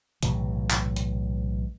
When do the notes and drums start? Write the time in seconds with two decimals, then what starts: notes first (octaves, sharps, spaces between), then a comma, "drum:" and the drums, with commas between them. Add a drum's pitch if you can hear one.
0.23 B1 A2 C3 E3, drum: hi-hat
0.71 drum: clap
0.96 drum: hi-hat